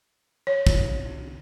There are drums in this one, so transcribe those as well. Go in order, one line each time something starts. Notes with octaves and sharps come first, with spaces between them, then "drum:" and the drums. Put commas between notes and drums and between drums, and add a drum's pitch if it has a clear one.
C#5
drum: kick